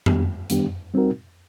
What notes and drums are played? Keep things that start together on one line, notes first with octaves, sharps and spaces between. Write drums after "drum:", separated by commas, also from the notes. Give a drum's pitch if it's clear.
D#3 G3 B3 D4 G4, drum: tom F2
D#3 G3 B3 D4 G4, drum: hi-hat
G3 C4 D#4 F#4 A#4